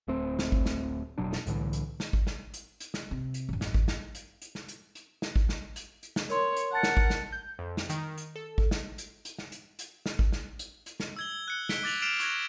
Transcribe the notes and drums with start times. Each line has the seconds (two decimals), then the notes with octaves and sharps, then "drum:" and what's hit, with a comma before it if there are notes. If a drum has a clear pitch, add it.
0.08 D1 A3 C4
0.39 drum: snare
0.52 drum: kick G#1
0.66 drum: snare
1.18 F1 B2 F#3 D4
1.33 drum: snare
1.47 C2 A2 D3 E3, drum: hi-hat
1.73 drum: hi-hat
2.00 drum: snare
2.13 drum: kick G#1
2.27 drum: snare
2.54 drum: hi-hat
2.80 drum: hi-hat
2.94 drum: snare
3.11 C3
3.34 drum: hi-hat
3.49 A1 F#2
3.61 drum: snare
3.74 drum: kick G#1
3.88 drum: snare
4.15 drum: hi-hat
4.42 drum: hi-hat
4.55 drum: snare
4.68 drum: hi-hat
4.95 drum: hi-hat
5.22 drum: snare
5.36 drum: kick G#1
5.49 drum: snare
5.76 drum: hi-hat
6.03 drum: hi-hat
6.16 drum: snare
6.30 A#4 C#5 C6, drum: hi-hat
6.56 drum: hi-hat
6.73 A#4 F#5 A5 A6 C#7
6.83 drum: snare
6.97 drum: kick G#1
7.10 drum: snare
7.32 G6
7.59 F2
7.77 drum: snare
7.89 D#3, drum: hi-hat
8.18 drum: hi-hat
8.36 A4
8.58 drum: kick G#1
8.71 drum: snare
8.98 drum: hi-hat
9.25 drum: hi-hat
9.38 drum: snare
9.52 drum: hi-hat
9.79 drum: hi-hat
10.06 drum: snare
10.19 drum: kick G#1
10.32 drum: snare
10.59 drum: hi-hat
10.86 drum: hi-hat
11.00 drum: snare
11.16 E6 G#6 G7
11.48 F#6 C#7 G7
11.69 B6 C#7 D7 G7, drum: snare
11.83 D6 A6 F7 F#7
12.02 F6 C7 D7 E7 F7
12.20 C#6 F#6 G#6 A#6, drum: hi-hat